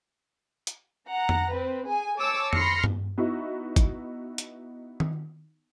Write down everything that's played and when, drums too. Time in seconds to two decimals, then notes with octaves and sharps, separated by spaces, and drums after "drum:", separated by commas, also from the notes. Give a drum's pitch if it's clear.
0.67 drum: hi-hat
1.08 F#5 A#5
1.29 drum: tom F2
1.53 C4 B4
1.87 G#4 G#5
2.18 C#5 A5 D6 E6
2.53 B5 C6 F6 A#6 C7 C#7, drum: tom F2
2.84 drum: tom G2
3.18 B3 D#4 E4 F#4
3.76 drum: kick, hi-hat
4.38 drum: hi-hat
5.00 drum: tom D#3